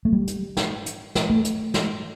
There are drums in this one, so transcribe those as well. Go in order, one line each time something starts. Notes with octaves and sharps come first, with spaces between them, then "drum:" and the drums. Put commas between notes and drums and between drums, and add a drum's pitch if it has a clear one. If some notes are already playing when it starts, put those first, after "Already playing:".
A3
G3
drum: hi-hat
drum: snare
drum: hi-hat
drum: snare
A3
drum: hi-hat
drum: snare